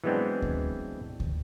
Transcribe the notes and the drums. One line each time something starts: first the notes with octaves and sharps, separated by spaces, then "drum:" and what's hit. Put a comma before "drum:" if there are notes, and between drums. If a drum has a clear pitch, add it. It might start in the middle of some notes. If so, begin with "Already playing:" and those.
E3 F#3 G#3 B3 C4 D4
drum: kick D2
drum: kick D2